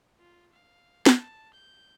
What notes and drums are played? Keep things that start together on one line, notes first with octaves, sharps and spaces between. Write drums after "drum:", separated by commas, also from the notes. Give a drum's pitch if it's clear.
F4
F5
A5, drum: snare
G6